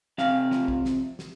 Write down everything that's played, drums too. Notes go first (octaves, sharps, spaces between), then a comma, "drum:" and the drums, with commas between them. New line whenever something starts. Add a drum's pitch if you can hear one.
C3 F5, drum: snare
F3, drum: snare
drum: kick
drum: snare
drum: snare